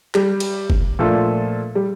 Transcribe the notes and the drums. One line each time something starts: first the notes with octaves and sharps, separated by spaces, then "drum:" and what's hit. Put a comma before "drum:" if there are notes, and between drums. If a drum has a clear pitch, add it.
G3, drum: clap
drum: cymbal
drum: kick F#1
A#2 F3 A3 D4 A4
G3